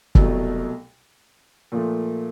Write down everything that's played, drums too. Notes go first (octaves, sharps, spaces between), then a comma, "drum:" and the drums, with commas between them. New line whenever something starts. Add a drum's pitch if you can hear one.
C2 B2 F#3 A3, drum: kick
A#2 F3 A3